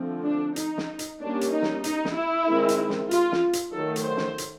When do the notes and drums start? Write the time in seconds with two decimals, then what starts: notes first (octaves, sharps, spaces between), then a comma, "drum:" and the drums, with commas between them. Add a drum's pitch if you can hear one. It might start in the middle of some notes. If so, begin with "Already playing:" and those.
Already playing: D3 F3 A3 C4
0.25 D4
0.56 D#4, drum: hi-hat
0.78 drum: snare
0.99 drum: hi-hat
1.20 G3 A#3 C#4 D4
1.41 drum: hi-hat
1.52 D#4
1.63 drum: snare
1.84 D#4, drum: hi-hat
2.05 drum: snare
2.15 E4
2.47 D#3 G#3 C4
2.69 drum: hi-hat
2.90 drum: snare
3.11 F4, drum: hi-hat
3.32 drum: snare
3.53 drum: hi-hat
3.74 D#3 F#3 A3 A4
3.96 drum: hi-hat
4.06 C5
4.17 drum: snare
4.38 drum: hi-hat